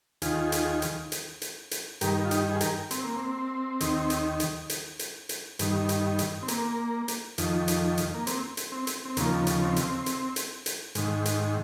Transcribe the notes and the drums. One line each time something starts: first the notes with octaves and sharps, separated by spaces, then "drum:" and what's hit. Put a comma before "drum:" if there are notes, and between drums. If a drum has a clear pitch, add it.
D#2 D#3 F4 G#4, drum: hi-hat
drum: hi-hat
drum: hi-hat
drum: hi-hat
drum: hi-hat
drum: hi-hat
G2 D#3 G4 A#4, drum: hi-hat
F4
D#4 G4, drum: hi-hat
G#4
G4 A#4, drum: hi-hat
C4, drum: hi-hat
A#3
C4
D#2 D#3, drum: hi-hat
drum: hi-hat
drum: hi-hat
drum: hi-hat
drum: hi-hat
drum: hi-hat
G2 D#3, drum: hi-hat
drum: hi-hat
drum: hi-hat
C4
A#3, drum: hi-hat
drum: hi-hat
F2 D#3, drum: hi-hat
drum: hi-hat
drum: hi-hat
A#3
C4, drum: hi-hat
drum: hi-hat
C4
drum: hi-hat
C4
D#2 C#3 F3 A#3, drum: hi-hat
drum: hi-hat
C4
drum: hi-hat
drum: hi-hat
drum: hi-hat
drum: hi-hat
G#2 D#3, drum: hi-hat
drum: hi-hat